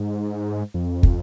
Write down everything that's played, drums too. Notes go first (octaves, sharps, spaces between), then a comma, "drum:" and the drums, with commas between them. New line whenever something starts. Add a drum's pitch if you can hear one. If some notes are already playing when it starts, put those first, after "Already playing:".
Already playing: G#2
F2
drum: kick